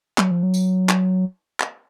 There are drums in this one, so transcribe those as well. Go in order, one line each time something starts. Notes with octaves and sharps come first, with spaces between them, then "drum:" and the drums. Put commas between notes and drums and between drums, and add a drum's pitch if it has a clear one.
F#3, drum: clap
F3
F#3
drum: tambourine
drum: clap
drum: clap